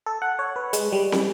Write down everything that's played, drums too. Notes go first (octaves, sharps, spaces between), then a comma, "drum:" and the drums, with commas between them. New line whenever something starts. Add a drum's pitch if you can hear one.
A4
F#5
C#5
B4
G#3, drum: hi-hat
G3
drum: snare